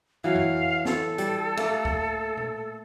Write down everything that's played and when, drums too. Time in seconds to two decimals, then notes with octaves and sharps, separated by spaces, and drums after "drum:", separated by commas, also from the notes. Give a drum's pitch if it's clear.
0.24 E3 F#3 F5
0.35 drum: tom F2
0.85 A4, drum: snare
1.18 G3, drum: hi-hat
1.57 A3 A#3, drum: cymbal
1.85 drum: kick C#2
2.37 drum: tom A#2